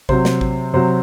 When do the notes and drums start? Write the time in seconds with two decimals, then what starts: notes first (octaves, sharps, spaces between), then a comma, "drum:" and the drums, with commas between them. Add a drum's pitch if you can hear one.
0.09 C3 F#3 C5, drum: kick A1
0.25 drum: snare
0.41 drum: kick A1
0.73 C3 F#3 C5